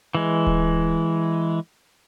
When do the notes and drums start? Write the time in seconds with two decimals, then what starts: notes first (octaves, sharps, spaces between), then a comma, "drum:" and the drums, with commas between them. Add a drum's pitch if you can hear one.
0.15 E3 G#3
0.47 drum: kick D1